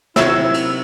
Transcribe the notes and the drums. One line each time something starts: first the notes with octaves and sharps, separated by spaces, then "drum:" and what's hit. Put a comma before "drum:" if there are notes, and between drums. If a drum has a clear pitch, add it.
C3 D#3 F#3 E4 E5 C#6 E6 G#6, drum: snare
drum: cymbal